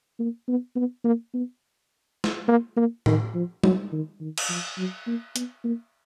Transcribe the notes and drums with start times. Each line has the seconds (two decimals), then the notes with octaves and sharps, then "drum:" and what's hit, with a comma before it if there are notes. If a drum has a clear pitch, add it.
0.19 A#3
0.48 B3
0.76 B3
1.04 A#3
1.34 B3
2.24 drum: snare
2.48 A#3
2.77 A#3
3.06 D#3, drum: tom A2
3.34 F3
3.64 F#3, drum: tom G3
3.92 D#3
4.20 D#3
4.38 drum: cymbal
4.49 F3
4.78 F#3
5.07 A#3
5.36 B3, drum: hi-hat
5.64 A#3